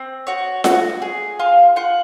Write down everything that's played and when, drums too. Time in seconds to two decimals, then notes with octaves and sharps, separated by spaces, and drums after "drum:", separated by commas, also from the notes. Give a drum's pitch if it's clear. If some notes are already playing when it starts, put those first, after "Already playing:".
Already playing: C4
0.27 F#4 C#5
0.64 F#4, drum: snare F4
1.02 G#4
1.39 F4 F5
1.76 F4 F#5